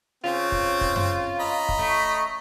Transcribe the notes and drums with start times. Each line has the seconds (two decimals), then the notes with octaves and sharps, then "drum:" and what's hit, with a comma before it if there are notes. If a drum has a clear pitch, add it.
0.24 C#3 C4 F4
0.52 drum: kick
0.81 drum: kick
0.96 drum: tom F#2
1.40 D#5 A#5 B5
1.69 drum: kick
1.79 A3